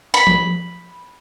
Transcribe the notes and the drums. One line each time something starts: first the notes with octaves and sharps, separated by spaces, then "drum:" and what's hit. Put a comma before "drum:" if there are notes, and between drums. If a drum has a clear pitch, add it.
B5
drum: tom F3